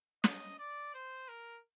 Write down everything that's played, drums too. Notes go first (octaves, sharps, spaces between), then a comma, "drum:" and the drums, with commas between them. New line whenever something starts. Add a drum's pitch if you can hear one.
D#5, drum: snare
D5
C5
A#4